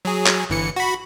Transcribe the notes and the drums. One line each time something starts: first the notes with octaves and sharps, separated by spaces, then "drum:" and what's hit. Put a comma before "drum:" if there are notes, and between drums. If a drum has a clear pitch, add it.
F#3 G#4
drum: clap
G1 E3 C#7
F#4 B5